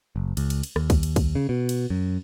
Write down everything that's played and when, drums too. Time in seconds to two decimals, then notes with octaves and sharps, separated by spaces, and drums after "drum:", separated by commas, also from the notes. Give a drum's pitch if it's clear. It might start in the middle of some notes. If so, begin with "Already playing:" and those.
0.16 F#1
0.37 C#2, drum: cymbal
0.50 drum: cymbal
0.63 drum: cymbal
0.76 D#2, drum: rim click
0.90 drum: kick, cymbal
1.03 drum: cymbal
1.16 drum: kick, cymbal
1.35 C#3
1.49 B2
1.69 drum: cymbal
1.90 F#2